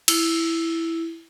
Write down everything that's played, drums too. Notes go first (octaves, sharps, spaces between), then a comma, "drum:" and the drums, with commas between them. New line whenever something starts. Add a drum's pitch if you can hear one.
E4, drum: cymbal